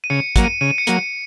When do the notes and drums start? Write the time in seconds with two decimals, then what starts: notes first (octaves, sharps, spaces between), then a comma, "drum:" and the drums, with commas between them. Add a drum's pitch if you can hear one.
0.04 D#7
0.10 C#3 C#7
0.36 F#3 A#3, drum: kick, hi-hat
0.44 D#7
0.61 C#3 D#7
0.78 C#7
0.87 F#3 A#3, drum: hi-hat
0.96 D#7